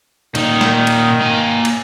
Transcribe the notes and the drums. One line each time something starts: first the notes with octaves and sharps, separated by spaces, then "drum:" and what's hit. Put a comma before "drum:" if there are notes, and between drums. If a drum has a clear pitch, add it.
A#2 D#3 D#4, drum: cymbal
drum: snare
drum: cymbal
A#3 G#5
drum: cymbal